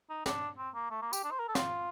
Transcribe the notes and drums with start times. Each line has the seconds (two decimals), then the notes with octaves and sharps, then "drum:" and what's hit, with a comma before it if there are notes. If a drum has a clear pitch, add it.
0.10 D#4
0.26 D4, drum: snare
0.58 C4
0.75 A#3
0.91 A3
1.02 A#3
1.13 G4, drum: tambourine
1.24 D4
1.31 C5
1.39 A#4
1.48 A4
1.55 F4, drum: snare